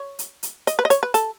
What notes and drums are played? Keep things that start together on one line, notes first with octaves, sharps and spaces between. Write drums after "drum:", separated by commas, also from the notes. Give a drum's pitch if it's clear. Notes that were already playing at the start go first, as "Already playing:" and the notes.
Already playing: C#5
drum: hi-hat
drum: hi-hat
D#5, drum: hi-hat
B4
D#5
C#5, drum: hi-hat
B4
A4, drum: hi-hat